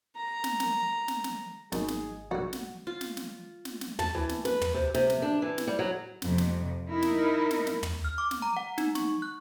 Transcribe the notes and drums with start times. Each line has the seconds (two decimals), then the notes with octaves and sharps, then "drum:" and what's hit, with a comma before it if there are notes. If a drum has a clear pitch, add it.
0.16 A#5
0.44 drum: snare
0.60 drum: snare
1.08 drum: snare
1.24 drum: snare
1.72 G#1 F#2 D#4 G#4, drum: snare
1.88 drum: snare
2.31 A#1 F2 F#4 F#5
2.53 drum: snare
2.87 F4
3.01 drum: snare
3.17 drum: snare
3.65 drum: snare
3.81 drum: snare
3.99 A5, drum: tom
4.15 E3
4.29 drum: snare
4.45 B4, drum: snare
4.61 drum: tom
4.74 C3
4.94 C3, drum: snare
5.10 drum: snare
5.22 D4
5.42 E3
5.58 drum: snare
5.67 G3
5.79 F#3
6.22 F2 C3, drum: snare
6.38 drum: snare
6.90 D#4 E4 A#4
7.02 drum: snare
7.51 drum: snare
7.67 drum: snare
7.83 drum: tom
8.05 F6
8.18 D6
8.31 drum: snare
8.42 A#5
8.57 F#5
8.78 D#4, drum: snare
8.95 C#6, drum: snare
9.22 F#6